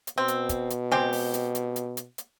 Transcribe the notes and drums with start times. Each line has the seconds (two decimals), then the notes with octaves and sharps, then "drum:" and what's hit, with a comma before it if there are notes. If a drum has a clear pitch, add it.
0.07 drum: hi-hat
0.18 B2 C4
0.28 drum: hi-hat
0.49 drum: kick, hi-hat
0.70 drum: hi-hat
0.91 G#3 C4 G4, drum: snare
1.13 drum: open hi-hat
1.34 drum: hi-hat
1.55 drum: hi-hat
1.76 drum: hi-hat
1.97 drum: hi-hat
2.18 drum: hi-hat